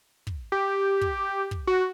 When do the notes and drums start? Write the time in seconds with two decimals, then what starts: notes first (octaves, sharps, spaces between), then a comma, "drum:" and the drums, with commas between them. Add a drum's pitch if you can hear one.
0.27 drum: kick
0.52 G4
1.01 drum: kick
1.51 drum: kick
1.67 F#4